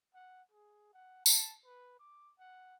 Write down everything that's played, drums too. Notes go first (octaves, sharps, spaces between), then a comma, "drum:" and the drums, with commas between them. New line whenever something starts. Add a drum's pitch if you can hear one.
F#5
G#4
F#5
A5, drum: tambourine
B4
D6
F#5